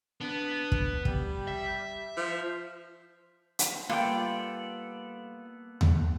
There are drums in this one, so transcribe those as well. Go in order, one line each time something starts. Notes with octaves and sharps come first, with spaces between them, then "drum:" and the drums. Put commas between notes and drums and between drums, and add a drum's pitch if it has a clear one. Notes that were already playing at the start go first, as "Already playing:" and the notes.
B3 D4
drum: kick
G3, drum: kick
E5
F3
drum: hi-hat
G3 A#3 B3 F4 A4 D5 G5
drum: tom D#2